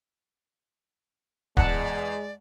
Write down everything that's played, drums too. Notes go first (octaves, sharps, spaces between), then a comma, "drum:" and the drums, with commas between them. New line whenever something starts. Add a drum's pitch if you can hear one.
E2 G#3 D5 F#5 A5, drum: kick D1